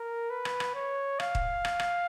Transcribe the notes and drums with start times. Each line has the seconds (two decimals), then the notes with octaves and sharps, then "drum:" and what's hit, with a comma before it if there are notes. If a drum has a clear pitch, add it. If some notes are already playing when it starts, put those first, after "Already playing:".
Already playing: A#4
0.30 B4
0.45 drum: rim click
0.60 drum: rim click
0.75 C#5
1.20 F5, drum: rim click
1.35 drum: kick
1.65 drum: rim click
1.80 drum: rim click